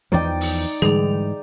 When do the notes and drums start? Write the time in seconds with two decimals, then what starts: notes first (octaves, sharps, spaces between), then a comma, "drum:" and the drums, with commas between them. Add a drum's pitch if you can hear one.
0.12 E2 E3 F3 D#4 D5 G5
0.41 drum: open hi-hat
0.82 G#2 D3 E3 G3 G#4 F7